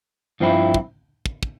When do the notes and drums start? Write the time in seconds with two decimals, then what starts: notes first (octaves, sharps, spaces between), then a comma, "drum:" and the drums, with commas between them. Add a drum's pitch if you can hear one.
0.40 G2 F3 C4 E4
0.74 drum: kick
1.26 drum: kick
1.43 drum: kick